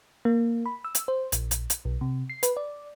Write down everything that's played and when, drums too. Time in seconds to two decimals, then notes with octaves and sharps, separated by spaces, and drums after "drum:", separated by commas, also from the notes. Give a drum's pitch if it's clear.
0.25 A#3
0.66 B5
0.85 E6
0.95 drum: hi-hat
1.08 C5
1.32 A#1, drum: hi-hat
1.51 drum: hi-hat
1.70 drum: hi-hat
1.85 B1
2.01 C3
2.30 C7
2.43 B4, drum: hi-hat
2.57 D5